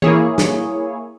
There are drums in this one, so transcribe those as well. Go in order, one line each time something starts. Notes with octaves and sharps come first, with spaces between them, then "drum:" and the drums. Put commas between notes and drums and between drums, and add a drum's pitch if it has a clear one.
A#3 E4 G#4 C#5, drum: tom E3
drum: snare